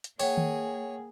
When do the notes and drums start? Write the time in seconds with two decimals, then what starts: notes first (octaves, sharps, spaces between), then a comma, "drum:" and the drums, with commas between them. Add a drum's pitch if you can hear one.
0.04 drum: hi-hat
0.20 A#3 G#4 C#5 F#5 G5, drum: open hi-hat
0.38 drum: tom D#3